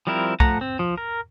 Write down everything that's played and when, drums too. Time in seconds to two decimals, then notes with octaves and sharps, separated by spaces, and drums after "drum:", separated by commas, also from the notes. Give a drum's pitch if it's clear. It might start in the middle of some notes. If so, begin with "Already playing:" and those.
0.07 F3 G3 C4 E4 A#4
0.40 F3 A3 F#5 A#5, drum: kick
0.61 C4
0.79 F3
0.98 A#4